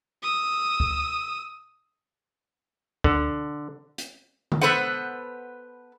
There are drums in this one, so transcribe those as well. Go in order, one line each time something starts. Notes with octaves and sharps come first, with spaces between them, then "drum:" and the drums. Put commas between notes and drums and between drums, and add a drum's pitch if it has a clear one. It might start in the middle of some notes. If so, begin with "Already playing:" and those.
D#6 E6
drum: kick C#2
D3, drum: kick C#2
drum: hi-hat
drum: tom D3
B3 A4 B4 C5 F#5